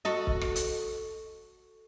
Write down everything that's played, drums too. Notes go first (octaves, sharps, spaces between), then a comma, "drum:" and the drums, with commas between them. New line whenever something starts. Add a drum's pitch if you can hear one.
F#4 A4 D#5
drum: kick
drum: rim click
drum: hi-hat